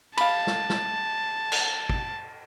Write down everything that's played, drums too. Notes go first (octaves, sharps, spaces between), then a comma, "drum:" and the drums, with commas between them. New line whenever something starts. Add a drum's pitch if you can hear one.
F5 A5 B5, drum: cymbal
drum: snare
drum: snare
drum: cymbal
drum: kick